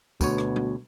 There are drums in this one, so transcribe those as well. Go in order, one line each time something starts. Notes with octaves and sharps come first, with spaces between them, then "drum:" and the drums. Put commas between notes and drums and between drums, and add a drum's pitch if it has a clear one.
D2 B2 B3 C#5, drum: kick, tambourine
drum: rim click
drum: tom G3